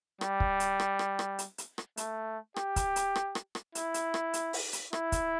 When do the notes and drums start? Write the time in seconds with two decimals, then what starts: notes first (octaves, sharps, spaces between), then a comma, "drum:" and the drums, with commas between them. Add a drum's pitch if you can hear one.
0.21 G3, drum: rim click
0.40 drum: kick
0.60 drum: hi-hat
0.80 drum: rim click
0.99 drum: rim click
1.19 drum: rim click
1.39 drum: hi-hat
1.58 drum: hi-hat
1.78 drum: rim click
1.97 A3, drum: hi-hat
2.56 G4, drum: rim click
2.76 drum: kick, hi-hat
2.96 drum: hi-hat
3.16 drum: rim click
3.35 drum: rim click
3.55 drum: rim click
3.75 E4, drum: hi-hat
3.94 drum: hi-hat
4.14 drum: rim click
4.34 drum: hi-hat
4.53 drum: open hi-hat
4.73 drum: hi-hat
4.93 E4, drum: rim click
5.12 drum: kick, hi-hat